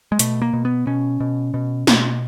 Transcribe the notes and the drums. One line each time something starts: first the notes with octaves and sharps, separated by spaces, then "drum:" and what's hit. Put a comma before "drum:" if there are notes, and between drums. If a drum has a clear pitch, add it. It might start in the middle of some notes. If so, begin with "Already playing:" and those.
G#3
B2 A3, drum: hi-hat
A#3
B2
B3
B2 C#4
B2
B2
B2, drum: snare